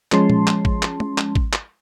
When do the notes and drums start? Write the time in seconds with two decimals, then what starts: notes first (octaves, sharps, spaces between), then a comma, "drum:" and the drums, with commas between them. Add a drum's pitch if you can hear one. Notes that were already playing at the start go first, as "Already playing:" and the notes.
0.12 F3 G#3 C#4 A5 C6, drum: clap
0.30 drum: tom A#2
0.47 drum: clap
0.65 drum: kick
0.83 drum: clap
1.00 drum: tom
1.18 drum: clap
1.35 drum: kick
1.53 drum: clap